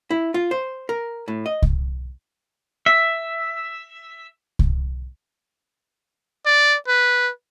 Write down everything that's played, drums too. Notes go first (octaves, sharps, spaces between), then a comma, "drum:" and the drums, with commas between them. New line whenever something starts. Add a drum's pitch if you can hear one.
E4
F4
C5
A#4
A2
D#5
drum: kick C2
E5
drum: kick C2
D5
B4